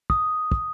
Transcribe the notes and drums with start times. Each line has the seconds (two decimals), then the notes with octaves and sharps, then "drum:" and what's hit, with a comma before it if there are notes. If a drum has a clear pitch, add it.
0.10 D#6, drum: kick
0.52 drum: kick